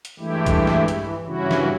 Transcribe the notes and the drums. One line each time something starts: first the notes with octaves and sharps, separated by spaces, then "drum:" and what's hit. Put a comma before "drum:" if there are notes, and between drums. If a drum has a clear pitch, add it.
drum: hi-hat
G2 E3 G#3 A3 E4 G4
drum: kick, hi-hat
drum: snare
E3, drum: hi-hat
G2 C#3 E3 C#4 E4 F#4
drum: snare